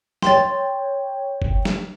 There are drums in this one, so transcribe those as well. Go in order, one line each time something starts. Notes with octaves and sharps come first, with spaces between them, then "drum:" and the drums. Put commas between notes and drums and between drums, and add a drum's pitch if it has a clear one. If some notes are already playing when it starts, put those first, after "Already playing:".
C#5 G5 C6 A6, drum: snare
drum: kick F#1
drum: snare